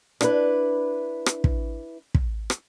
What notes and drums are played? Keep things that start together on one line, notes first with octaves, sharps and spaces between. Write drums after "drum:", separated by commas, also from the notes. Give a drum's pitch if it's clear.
D4 E4 B4, drum: rim click
drum: rim click
drum: kick
drum: kick
drum: rim click